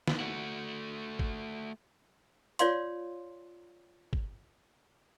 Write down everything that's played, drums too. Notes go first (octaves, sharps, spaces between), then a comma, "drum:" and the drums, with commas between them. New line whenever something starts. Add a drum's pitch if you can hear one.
drum: snare
A3 F#4
drum: kick G#1
F4 C#5 D5 F5 C6, drum: hi-hat
drum: kick G#1